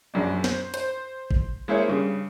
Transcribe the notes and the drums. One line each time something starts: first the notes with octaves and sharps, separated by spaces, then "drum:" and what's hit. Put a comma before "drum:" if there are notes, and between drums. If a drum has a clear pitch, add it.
A#1 F#2 D4
C5, drum: snare
C5, drum: hi-hat
drum: kick G#1
G#3 A#3 E4 G#4 C5 C#5
G2 C#3